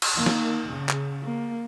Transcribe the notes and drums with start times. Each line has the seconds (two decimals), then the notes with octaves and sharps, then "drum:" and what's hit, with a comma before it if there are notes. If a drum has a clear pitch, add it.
0.02 drum: cymbal
0.17 D#3 A#3
0.26 drum: snare
0.70 C#3
0.89 drum: clap
1.23 A#3